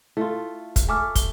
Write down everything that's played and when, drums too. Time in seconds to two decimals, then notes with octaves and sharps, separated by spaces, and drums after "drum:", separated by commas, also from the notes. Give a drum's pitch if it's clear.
0.17 A3 E4 F4
0.76 drum: kick, hi-hat
0.89 A3 G#5 D6 F6
1.15 G7, drum: kick, hi-hat